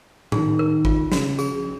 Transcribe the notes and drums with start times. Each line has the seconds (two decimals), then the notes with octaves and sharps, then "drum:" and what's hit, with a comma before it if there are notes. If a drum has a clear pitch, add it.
0.32 D#3 G#4, drum: tom A2
0.59 A#4
0.85 F4, drum: kick
1.12 C#3 F#4, drum: snare
1.39 G#4, drum: tambourine